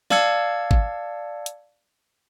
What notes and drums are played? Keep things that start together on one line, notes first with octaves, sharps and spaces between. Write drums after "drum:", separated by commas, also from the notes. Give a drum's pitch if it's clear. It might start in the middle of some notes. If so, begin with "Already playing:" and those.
D5 F5 A5 E6 G#6 C#7, drum: snare
drum: kick G#1
drum: hi-hat